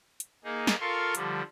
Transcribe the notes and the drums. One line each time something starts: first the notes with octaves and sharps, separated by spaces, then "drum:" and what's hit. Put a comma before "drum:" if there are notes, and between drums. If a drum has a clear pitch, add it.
drum: hi-hat
A#3 D#4 G#4
drum: snare
F4 A4 A#4 F5 C6 C#6
D3 F3 G3, drum: hi-hat